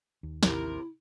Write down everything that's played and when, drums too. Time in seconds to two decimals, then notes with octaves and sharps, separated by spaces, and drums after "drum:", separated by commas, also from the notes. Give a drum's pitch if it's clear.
0.23 D#2
0.43 A1 D#2 C3 E4 A#4, drum: snare